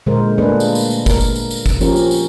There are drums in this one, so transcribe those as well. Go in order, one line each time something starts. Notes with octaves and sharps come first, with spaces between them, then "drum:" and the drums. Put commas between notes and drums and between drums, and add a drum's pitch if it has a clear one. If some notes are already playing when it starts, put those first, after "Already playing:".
A#2 D3 G#3 A#4 C5
A3 A#3 D4 G#4 B4
drum: tambourine
drum: tambourine
drum: tambourine
A#4, drum: kick, tambourine
drum: tambourine
drum: tambourine
drum: tambourine
drum: kick, tambourine
F3 C#4 G4 A#4, drum: tambourine
drum: tambourine
drum: tambourine